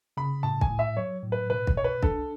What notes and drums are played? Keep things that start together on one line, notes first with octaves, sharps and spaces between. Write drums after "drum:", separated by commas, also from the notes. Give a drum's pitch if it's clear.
C#3 B5
A2 A5
G#5, drum: kick
A2
E5
F#3 C#5
A2
B4
B2 B4
drum: kick
B2 C#5
B4
D4 A4, drum: kick